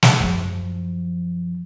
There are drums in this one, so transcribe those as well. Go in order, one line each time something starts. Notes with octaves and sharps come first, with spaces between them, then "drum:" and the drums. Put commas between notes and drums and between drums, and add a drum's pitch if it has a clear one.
drum: snare
F#2 F3